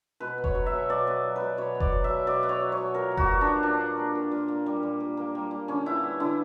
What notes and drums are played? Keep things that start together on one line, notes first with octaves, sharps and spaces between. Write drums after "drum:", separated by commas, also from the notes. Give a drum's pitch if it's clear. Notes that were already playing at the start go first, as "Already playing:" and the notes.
B2 B4
B3
C#5, drum: kick F1
F#3
E5
B2
B2 D5
B3
F#3
B2 B4
B2 C#5
B3
D5, drum: kick F1
F#3
B2 E5
B2 D5
B3
C#5
F#3
C#5
B2
A#2 A#4
A#3
F#4, drum: kick F1
G3
D4
A#2
A#2 D4
A#3
G3
A#2
A#2
A#3
G3
A#2
A#2
A#3
G3
A#2
D3 C#4
B3 E4
G3
D3 E4